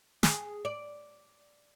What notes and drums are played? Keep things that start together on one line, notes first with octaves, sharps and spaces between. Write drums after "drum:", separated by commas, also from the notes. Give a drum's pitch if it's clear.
G#4, drum: snare
D5